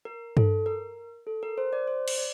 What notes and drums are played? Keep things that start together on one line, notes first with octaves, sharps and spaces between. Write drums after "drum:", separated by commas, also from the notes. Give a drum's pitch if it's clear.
A#4
A4, drum: tom G2
A#4
A4
A#4
C5
D5
C5
drum: cymbal
D5